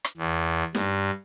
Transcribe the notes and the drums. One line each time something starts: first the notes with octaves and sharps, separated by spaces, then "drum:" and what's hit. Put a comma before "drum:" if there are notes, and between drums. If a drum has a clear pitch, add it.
drum: rim click
E2
G2, drum: snare